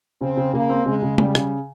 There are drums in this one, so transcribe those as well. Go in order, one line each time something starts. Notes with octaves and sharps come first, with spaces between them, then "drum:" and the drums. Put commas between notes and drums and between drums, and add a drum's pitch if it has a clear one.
C#3 C4
C#3
C#3 A#3
C4
C#3 G#3
C#3
C#3 G3, drum: tom
C#3, drum: rim click